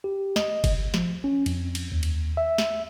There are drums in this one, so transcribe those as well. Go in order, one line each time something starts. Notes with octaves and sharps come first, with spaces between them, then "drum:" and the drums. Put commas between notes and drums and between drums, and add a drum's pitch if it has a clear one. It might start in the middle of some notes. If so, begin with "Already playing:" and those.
G4
D#5, drum: snare
drum: kick F#1, cymbal
F3, drum: snare
C#4
F2, drum: cymbal
drum: cymbal
D#2
drum: cymbal
E5
drum: snare